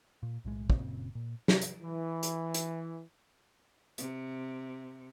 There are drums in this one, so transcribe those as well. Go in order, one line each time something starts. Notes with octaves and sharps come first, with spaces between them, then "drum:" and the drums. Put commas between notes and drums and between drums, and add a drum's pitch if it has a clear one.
A#2
B1 A2 G#3
F#1 A#2 C#3 C4, drum: kick
A#2
drum: snare
drum: hi-hat
E3
drum: hi-hat
drum: hi-hat
C3, drum: hi-hat